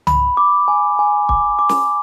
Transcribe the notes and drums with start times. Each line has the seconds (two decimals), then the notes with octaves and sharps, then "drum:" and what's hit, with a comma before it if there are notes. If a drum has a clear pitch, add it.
0.07 B5, drum: tom C2
0.37 D6
0.68 G#5
0.99 G#5
1.29 D6, drum: kick
1.59 D6
1.69 drum: snare